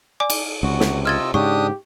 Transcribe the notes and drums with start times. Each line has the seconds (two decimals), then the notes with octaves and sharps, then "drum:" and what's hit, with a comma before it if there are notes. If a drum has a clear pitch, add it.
0.20 D5 G#5 D6
0.30 drum: cymbal
0.63 C#2 C3 F#4
0.80 drum: snare
1.05 F4 D#5 E6 F6 G#6 A6
1.34 G#2 C#3 D4 G4 C#6 D#6